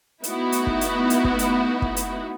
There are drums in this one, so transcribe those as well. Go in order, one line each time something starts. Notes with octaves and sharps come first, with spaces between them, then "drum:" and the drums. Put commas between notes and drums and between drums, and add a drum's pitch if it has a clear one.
A3 B3 D#4 E4 F#4, drum: hi-hat
drum: hi-hat
drum: kick
drum: hi-hat
drum: hi-hat
drum: kick
drum: hi-hat
drum: kick
drum: hi-hat